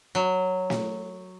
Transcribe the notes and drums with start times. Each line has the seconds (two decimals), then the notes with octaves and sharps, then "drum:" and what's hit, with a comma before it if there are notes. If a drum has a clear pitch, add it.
0.15 F#3
0.70 drum: snare